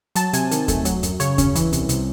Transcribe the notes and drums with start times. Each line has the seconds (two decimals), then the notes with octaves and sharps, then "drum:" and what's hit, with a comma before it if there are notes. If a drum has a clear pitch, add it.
0.15 F#3 A5, drum: hi-hat
0.33 C3 G#5, drum: hi-hat
0.51 D#3, drum: hi-hat
0.68 A3, drum: kick D#2, hi-hat
0.85 F#3, drum: hi-hat
1.03 F#2, drum: hi-hat
1.20 C#3 C#5, drum: hi-hat
1.38 C#4, drum: kick D#2, hi-hat
1.55 E3, drum: hi-hat
1.73 C2, drum: hi-hat
1.89 C3, drum: hi-hat